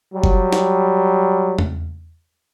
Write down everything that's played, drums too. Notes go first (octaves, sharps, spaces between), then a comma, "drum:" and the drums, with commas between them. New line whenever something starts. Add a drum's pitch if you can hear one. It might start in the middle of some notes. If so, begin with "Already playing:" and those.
F#3 G3
drum: kick F#1
drum: snare
drum: tom E2